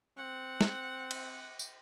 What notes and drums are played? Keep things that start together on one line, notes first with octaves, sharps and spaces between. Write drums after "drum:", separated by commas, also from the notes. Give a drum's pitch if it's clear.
C4 F#5
drum: snare
drum: cymbal
drum: tambourine